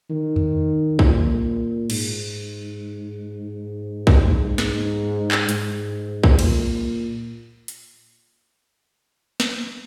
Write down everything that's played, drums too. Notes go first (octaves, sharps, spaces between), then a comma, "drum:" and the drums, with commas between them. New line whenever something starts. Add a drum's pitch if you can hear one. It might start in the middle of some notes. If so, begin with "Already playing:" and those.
D#3
drum: tom E2
A#2, drum: kick B1
G#2, drum: cymbal
drum: kick B1
G#2, drum: snare
drum: clap
G#2, drum: hi-hat
drum: kick B1
A#2, drum: cymbal
drum: hi-hat
drum: snare